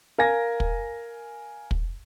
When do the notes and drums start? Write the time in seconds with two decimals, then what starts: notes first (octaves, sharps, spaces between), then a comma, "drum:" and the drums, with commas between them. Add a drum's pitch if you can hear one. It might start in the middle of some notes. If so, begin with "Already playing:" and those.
0.18 A#4 F5 G#5 G#6 A#6
0.60 drum: kick
1.71 drum: kick